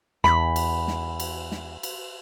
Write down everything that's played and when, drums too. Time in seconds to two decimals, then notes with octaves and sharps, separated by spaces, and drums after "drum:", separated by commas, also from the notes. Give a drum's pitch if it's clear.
0.24 E2 B5, drum: snare
0.56 drum: cymbal
0.88 drum: snare
1.20 drum: cymbal
1.52 drum: snare
1.83 drum: cymbal